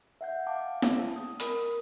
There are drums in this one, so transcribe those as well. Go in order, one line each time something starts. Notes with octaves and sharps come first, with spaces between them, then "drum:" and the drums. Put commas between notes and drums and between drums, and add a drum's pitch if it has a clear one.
E5 F#5 G6
F5 G5 A5 D6
drum: snare
D#6
A#4 B5, drum: hi-hat